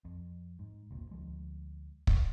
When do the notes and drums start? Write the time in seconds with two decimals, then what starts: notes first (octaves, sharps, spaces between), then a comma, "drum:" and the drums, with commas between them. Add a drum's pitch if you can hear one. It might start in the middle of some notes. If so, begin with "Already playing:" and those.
0.05 F2
0.59 G#2
0.90 F1 C#2 A#2
1.11 D2 F3 G#3
2.07 drum: kick